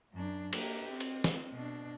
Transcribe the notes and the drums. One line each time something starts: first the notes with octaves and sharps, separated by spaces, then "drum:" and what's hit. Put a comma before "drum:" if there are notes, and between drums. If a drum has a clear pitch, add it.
F#2 D4
A#3 G4, drum: cymbal
C4
drum: cymbal
drum: snare
B2 D4